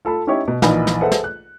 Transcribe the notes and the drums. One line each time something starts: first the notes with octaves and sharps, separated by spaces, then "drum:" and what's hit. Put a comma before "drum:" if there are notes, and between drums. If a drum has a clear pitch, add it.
F4 A4 A5 B5
C#4 D#4 E4 G4 C#5
B2
A#1 E3 A#3 D#4 G#5 B5, drum: snare
drum: snare
G#4 A4 B4 C5 E5 F#5
drum: snare
F#6